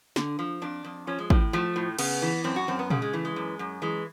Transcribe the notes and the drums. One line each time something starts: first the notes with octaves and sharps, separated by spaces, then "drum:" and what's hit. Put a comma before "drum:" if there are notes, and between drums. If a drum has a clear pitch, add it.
D3, drum: snare
F3
F2 D4
F2
F3 C#4
G#3
A2 G3, drum: kick
F3 A3
A2
C#3 B3, drum: cymbal
E3
F#2 C4
F#4
F#2 C4
B3
C#3 A#3, drum: tom A#2
G#3
E3 A3
G#3
F#2
F#2
E3 G#3